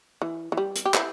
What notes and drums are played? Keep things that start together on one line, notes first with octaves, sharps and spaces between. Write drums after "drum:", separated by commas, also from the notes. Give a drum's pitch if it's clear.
E3
E3
G3
drum: hi-hat
G4
E4, drum: clap